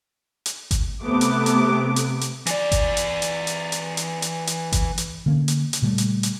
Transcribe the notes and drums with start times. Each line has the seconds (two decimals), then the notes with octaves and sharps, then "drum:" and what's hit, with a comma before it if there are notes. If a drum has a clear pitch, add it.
0.46 drum: hi-hat
0.71 drum: kick G#1, hi-hat
1.03 C3 A3 B3 D6
1.21 drum: hi-hat
1.46 drum: hi-hat
1.96 drum: hi-hat
2.21 drum: hi-hat
2.46 E3 D5, drum: hi-hat
2.72 drum: kick G#1, hi-hat
2.97 drum: hi-hat
3.22 drum: hi-hat
3.47 drum: hi-hat
3.72 drum: hi-hat
3.97 drum: hi-hat
4.22 drum: hi-hat
4.47 drum: hi-hat
4.72 drum: kick G#1, hi-hat
4.98 drum: hi-hat
5.26 D3 A#3 C#4
5.48 drum: hi-hat
5.73 drum: hi-hat
5.82 A#2 C#3 G3 A3
5.98 drum: hi-hat
6.23 drum: hi-hat